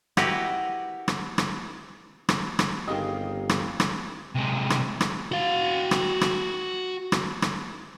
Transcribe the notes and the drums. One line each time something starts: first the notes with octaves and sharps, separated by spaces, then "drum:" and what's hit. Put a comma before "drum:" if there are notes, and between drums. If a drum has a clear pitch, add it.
E4 F#4 G4 A#4 B4, drum: rim click
drum: rim click
drum: rim click
drum: rim click
drum: rim click
G1 D#3 C4 G4 G#4 D#5 F5
drum: rim click
drum: rim click
C3 G#3
drum: rim click
drum: rim click
F#4 F5
drum: rim click
drum: rim click
drum: rim click
drum: rim click